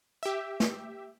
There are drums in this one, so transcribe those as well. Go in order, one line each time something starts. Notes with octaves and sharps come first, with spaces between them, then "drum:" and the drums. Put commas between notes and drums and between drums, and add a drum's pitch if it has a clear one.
G4 E5
drum: snare